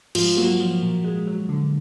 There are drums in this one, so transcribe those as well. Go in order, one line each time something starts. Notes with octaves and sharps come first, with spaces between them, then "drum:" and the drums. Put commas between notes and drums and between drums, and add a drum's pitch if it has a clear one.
G#2 F3 F4, drum: cymbal
F#3 A#3 F#4
F3
A#2
G#3
F#3
D3